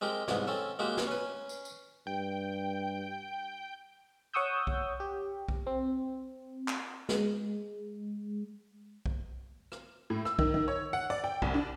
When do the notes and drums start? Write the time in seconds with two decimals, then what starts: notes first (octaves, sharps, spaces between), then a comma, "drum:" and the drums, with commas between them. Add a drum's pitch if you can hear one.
0.01 G#3 C4 G4 A#4
0.28 C2 G#2 B3, drum: snare
0.47 C4 C#4 A4
0.79 G#3 A#3 C4 F#4 G4 C5
0.97 drum: snare
1.07 C#4 B4
1.49 drum: tambourine
1.65 drum: tambourine
2.07 G2 G5
4.34 C#5 F#5 C#6 D#6 E6 G6
4.67 drum: kick B1
5.00 G4
5.48 drum: kick B1
5.67 C4
6.68 drum: clap
7.09 G#3, drum: snare
9.06 drum: kick B1
9.72 drum: rim click
10.10 A2
10.25 E6, drum: rim click
10.39 D#3, drum: kick B1
10.54 D#3
10.68 C#5
10.93 F#5
11.10 D5
11.24 G5
11.42 C2, drum: kick B1
11.54 D4